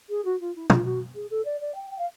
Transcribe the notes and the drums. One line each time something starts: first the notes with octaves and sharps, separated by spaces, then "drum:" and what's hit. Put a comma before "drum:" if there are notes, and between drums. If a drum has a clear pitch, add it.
G#4
F#4
F4
E4
F4, drum: tom
F#4
G#4
A4
D5
D5
G5
G5
F5